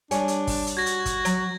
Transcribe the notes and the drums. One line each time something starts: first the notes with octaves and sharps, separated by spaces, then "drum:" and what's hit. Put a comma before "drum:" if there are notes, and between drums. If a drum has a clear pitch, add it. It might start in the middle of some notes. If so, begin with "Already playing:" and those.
G3 D4 C#5 G#5, drum: hi-hat
drum: hi-hat
drum: kick, open hi-hat
drum: hi-hat
F#4 G#6 A#6
drum: hi-hat
drum: kick, hi-hat
F#3, drum: hi-hat